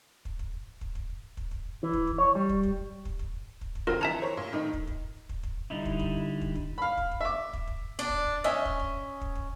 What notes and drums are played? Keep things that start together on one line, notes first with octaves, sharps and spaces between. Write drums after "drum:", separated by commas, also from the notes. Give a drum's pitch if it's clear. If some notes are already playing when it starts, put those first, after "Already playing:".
drum: kick
drum: kick
drum: kick
drum: kick
drum: kick
drum: kick
E3
drum: kick
drum: kick
C#5
G3
drum: kick
drum: kick
drum: kick
drum: kick
drum: kick
drum: kick
D3 F#3 C4 F4 A#4
E3 E5 A5 A#5
A#4 C5 C#5
A#2
A2 D#3 D#4
drum: kick
drum: kick
drum: kick
drum: kick
D3 G3 D#4 E4
drum: kick
drum: kick
drum: kick
drum: kick
F5 B5
drum: kick
drum: kick
E5 D6
drum: kick
drum: kick
D4
drum: kick
drum: kick
C#4 D#5 E5 G#5
drum: kick
drum: kick
drum: kick
drum: kick